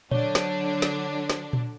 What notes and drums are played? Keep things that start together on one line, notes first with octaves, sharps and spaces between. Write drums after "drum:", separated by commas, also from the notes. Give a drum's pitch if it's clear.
D3 F#3 D4 C#5, drum: tom A#2
drum: snare
drum: snare
drum: snare
drum: tom A#2